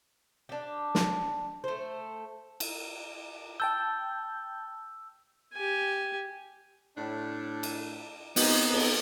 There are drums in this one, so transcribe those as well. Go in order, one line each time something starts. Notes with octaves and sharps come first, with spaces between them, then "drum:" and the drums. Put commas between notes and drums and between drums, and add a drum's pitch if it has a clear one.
D4 G4
drum: snare
A3 C5
drum: cymbal
G5 A5 E6 G6
G4 G#5
A2 D4
drum: cymbal
B3 C4 D#4, drum: open hi-hat
drum: cymbal